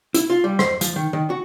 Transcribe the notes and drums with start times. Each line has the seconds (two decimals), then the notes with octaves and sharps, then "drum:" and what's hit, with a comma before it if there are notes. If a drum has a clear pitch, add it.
0.14 E4, drum: hi-hat
0.30 F4
0.44 G3
0.59 C5, drum: rim click
0.81 F3, drum: hi-hat
0.96 D#3
1.13 D#3
1.30 F#4